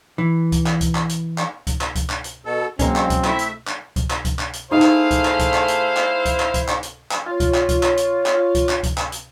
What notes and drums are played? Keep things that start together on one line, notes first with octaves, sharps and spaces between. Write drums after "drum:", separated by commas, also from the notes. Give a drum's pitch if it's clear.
E3
drum: kick C#2, hi-hat
drum: clap
drum: kick C#2, hi-hat
drum: clap
drum: hi-hat
drum: clap
drum: kick C#2, hi-hat
drum: clap
drum: kick C#2, hi-hat
drum: clap
drum: hi-hat
B2 A4
F#3 G#3 A#3 C4 C#4, drum: kick C#2, hi-hat
drum: clap
drum: kick C#2, hi-hat
A3 E4 E5, drum: clap
drum: hi-hat
drum: clap
drum: kick C#2, hi-hat
drum: clap
drum: kick C#2, hi-hat
drum: clap
drum: hi-hat
A3 D#4 E4 G#4 C5 F5 D#6
drum: clap
drum: kick C#2, hi-hat
drum: clap
drum: kick C#2, hi-hat
drum: clap
drum: hi-hat
drum: clap
drum: kick C#2, hi-hat
drum: clap
drum: kick C#2, hi-hat
drum: clap
drum: hi-hat
drum: clap
F4 C#5
drum: kick C#2, hi-hat
drum: clap
drum: kick C#2, hi-hat
drum: clap
drum: hi-hat
drum: clap
drum: kick C#2, hi-hat
drum: clap
drum: kick C#2, hi-hat
drum: clap
drum: hi-hat